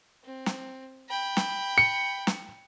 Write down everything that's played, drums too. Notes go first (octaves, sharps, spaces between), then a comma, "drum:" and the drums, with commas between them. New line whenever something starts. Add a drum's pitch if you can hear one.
C4
drum: snare
G5 B5
drum: snare
C#7
drum: snare